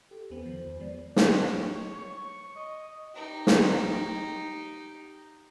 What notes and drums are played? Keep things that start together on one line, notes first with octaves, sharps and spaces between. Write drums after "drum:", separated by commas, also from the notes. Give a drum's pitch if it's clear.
G4 A4
E2 B3 C5
D#3 F3
E2
F3 G#3 B3 D5
D4, drum: snare
C#5
C#6
D#5
D#4 G4
drum: snare